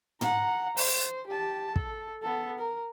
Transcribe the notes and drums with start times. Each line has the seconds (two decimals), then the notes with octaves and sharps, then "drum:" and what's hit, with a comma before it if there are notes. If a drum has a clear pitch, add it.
0.21 F#5 A#5, drum: tom
0.77 C5, drum: open hi-hat
1.27 G4 A5
1.76 A4, drum: kick
2.22 B3 A4
2.58 A#4